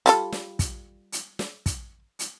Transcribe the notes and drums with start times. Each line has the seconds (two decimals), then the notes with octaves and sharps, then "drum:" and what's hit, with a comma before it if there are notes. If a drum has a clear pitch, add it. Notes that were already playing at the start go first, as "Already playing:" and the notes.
0.06 G3 F4 A4, drum: hi-hat
0.32 drum: snare
0.59 drum: kick, hi-hat
1.12 drum: hi-hat
1.39 drum: snare
1.66 drum: kick, hi-hat
2.19 drum: hi-hat